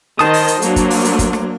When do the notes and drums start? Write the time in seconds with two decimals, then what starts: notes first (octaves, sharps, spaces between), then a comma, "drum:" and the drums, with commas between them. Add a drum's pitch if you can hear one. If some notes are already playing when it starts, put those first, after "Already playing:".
0.19 D#3 C5 D#5 A5 D#6, drum: rim click
0.33 drum: open hi-hat
0.48 drum: hi-hat
0.62 F#3 A#3 D4, drum: hi-hat
0.76 drum: kick, hi-hat
0.90 drum: open hi-hat
1.05 drum: hi-hat
1.19 drum: kick, hi-hat
1.33 drum: rim click